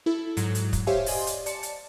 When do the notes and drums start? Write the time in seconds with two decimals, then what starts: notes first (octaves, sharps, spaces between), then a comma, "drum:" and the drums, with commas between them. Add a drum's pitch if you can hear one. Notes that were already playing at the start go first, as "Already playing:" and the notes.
0.06 E4 A4
0.37 G#2 F#3, drum: hi-hat
0.55 drum: hi-hat
0.73 drum: kick, hi-hat
0.87 G4 C5 C#5 E5 F5 G#5
1.06 D5 D#5 G#5 C6, drum: open hi-hat
1.27 drum: hi-hat
1.46 D5 A5 C#7, drum: hi-hat
1.63 drum: hi-hat